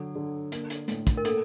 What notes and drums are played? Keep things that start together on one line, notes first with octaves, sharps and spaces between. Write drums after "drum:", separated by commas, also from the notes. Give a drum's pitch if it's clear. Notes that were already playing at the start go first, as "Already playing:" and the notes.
Already playing: D3 F#3 A4
D3
A#3, drum: hi-hat
drum: hi-hat
A2, drum: hi-hat
drum: kick, hi-hat
A#4
A#3 A4, drum: hi-hat